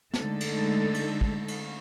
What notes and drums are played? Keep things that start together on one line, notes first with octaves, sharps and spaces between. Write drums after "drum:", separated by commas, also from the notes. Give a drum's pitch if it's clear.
D3 G#3 A3 D#4 A4, drum: snare
drum: cymbal
drum: cymbal
drum: kick
drum: cymbal